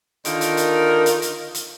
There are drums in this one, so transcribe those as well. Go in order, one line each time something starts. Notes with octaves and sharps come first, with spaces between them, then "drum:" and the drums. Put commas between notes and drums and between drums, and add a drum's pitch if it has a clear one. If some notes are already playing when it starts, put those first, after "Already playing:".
D3 D#3 F4 A#4, drum: hi-hat
drum: hi-hat
drum: hi-hat
drum: hi-hat
drum: hi-hat
drum: hi-hat